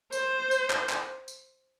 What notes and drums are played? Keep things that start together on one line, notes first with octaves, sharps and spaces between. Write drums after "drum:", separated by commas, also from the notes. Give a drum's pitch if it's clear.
C5, drum: tambourine
drum: tambourine
drum: clap
drum: clap
drum: tambourine